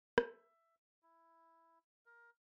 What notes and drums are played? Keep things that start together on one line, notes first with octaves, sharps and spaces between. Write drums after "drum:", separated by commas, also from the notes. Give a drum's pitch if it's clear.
E5, drum: rim click
E4
A#4